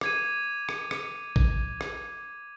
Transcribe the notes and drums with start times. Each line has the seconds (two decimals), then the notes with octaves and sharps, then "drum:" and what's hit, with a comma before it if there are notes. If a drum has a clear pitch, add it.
0.01 D6 G#6 D#7, drum: rim click
0.69 drum: rim click
0.91 drum: rim click
1.36 drum: kick
1.81 drum: rim click